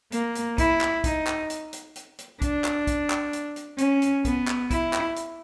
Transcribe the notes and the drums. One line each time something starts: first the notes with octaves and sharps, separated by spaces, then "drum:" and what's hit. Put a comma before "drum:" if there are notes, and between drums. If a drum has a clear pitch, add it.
A#3, drum: hi-hat
drum: hi-hat
E4, drum: kick B1, hi-hat
drum: clap
D#4, drum: kick B1, hi-hat
drum: clap
drum: hi-hat
drum: hi-hat
drum: hi-hat
drum: hi-hat
D4, drum: kick B1, hi-hat
drum: clap
drum: kick B1, hi-hat
drum: clap
drum: hi-hat
drum: hi-hat
C#4, drum: hi-hat
drum: hi-hat
B3, drum: kick B1, hi-hat
drum: clap
E4, drum: kick B1, hi-hat
drum: clap
drum: hi-hat